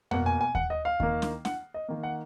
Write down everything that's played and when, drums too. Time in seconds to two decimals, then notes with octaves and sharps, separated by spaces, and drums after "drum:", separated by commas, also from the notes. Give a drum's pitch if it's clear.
0.11 B2 A#3 F#5, drum: tom F2
0.26 G#5
0.41 G#5
0.55 F#5, drum: kick D#2
0.70 D#5
0.85 F5
1.00 D#3 A#3, drum: kick D#2
1.22 drum: snare
1.45 F#5, drum: snare
1.74 D#5
1.88 D#3 A#3
2.03 F#5